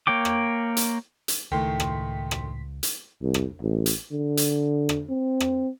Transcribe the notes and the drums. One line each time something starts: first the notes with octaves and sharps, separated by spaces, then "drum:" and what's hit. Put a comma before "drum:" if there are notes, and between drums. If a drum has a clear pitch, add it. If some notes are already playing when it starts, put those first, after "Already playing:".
A#3 C#5 G5 D6
drum: rim click
drum: hi-hat
drum: hi-hat
C#2 A2 D#3 A3 G5 C6 B6
drum: rim click
drum: rim click
drum: hi-hat
C2
drum: rim click
A1
drum: hi-hat
D3
drum: hi-hat
drum: rim click
C4
drum: rim click